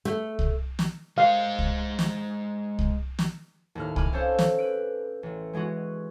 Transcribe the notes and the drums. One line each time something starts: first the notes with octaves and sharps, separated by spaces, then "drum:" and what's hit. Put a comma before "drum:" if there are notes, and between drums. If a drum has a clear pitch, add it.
A3
drum: kick C2
drum: snare
G#3 C5 F5
drum: kick C2
drum: snare
drum: kick C2
drum: snare
D#2 A2 F6
G#5 B5 D6 F6, drum: kick C2
C4 C#4 A4 C5 C#5 F5
drum: snare
B4 D7
A1
E3 G#3 B3 F#4